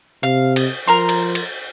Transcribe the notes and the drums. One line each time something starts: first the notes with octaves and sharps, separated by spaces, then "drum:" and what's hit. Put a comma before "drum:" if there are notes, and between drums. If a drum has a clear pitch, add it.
C3 F5
D#5, drum: cymbal
F3 A#4 A#5 C6
drum: cymbal
drum: cymbal